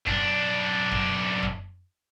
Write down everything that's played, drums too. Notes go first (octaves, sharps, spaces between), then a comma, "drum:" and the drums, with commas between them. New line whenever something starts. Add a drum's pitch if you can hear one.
B1 D4, drum: kick F#2
drum: kick F#2
drum: kick F#2